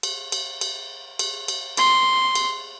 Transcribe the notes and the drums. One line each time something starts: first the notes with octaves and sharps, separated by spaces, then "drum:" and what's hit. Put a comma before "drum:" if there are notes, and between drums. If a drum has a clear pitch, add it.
drum: cymbal
drum: cymbal
drum: cymbal
drum: cymbal
drum: cymbal
C6, drum: cymbal
drum: cymbal